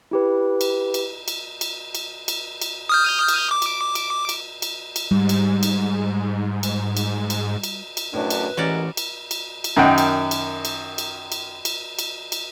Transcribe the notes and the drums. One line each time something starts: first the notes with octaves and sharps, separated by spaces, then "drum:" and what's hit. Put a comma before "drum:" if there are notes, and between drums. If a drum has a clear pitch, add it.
E4 G4 B4
drum: cymbal
drum: cymbal
drum: cymbal
drum: cymbal
drum: cymbal
drum: cymbal
drum: cymbal
D#6 F6 G6
drum: cymbal
D6
drum: cymbal
drum: cymbal
drum: cymbal
drum: cymbal
drum: cymbal
G#2 G3
drum: cymbal
drum: cymbal
drum: cymbal
drum: cymbal
drum: cymbal
drum: cymbal
drum: cymbal
F#2 A2 D4 B4
drum: cymbal
A1 G#3 C#4 F#4 A#4 D5
drum: cymbal
drum: cymbal
drum: cymbal
F#2 D#3 F#5 G5
drum: cymbal
drum: cymbal
drum: cymbal
drum: cymbal
drum: cymbal
drum: cymbal
drum: cymbal
drum: cymbal